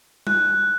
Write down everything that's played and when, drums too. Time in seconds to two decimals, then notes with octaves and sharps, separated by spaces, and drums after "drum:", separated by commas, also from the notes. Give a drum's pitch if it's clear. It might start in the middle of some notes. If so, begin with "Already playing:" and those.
0.27 F#6, drum: tom G3